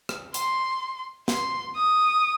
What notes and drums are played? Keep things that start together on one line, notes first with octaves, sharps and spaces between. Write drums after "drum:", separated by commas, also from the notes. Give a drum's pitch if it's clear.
drum: rim click
C6, drum: hi-hat
C6, drum: snare
D#6